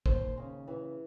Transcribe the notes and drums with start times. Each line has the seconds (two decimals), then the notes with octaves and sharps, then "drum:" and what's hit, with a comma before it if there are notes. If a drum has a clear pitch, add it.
0.06 D#2 C5, drum: kick
0.37 C#3
0.68 E3